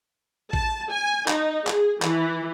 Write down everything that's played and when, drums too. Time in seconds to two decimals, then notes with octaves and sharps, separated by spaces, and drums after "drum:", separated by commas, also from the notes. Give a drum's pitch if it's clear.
0.53 A5, drum: kick A1
0.92 G#5
1.28 D#4, drum: clap
1.67 G#4, drum: clap
2.02 E3, drum: clap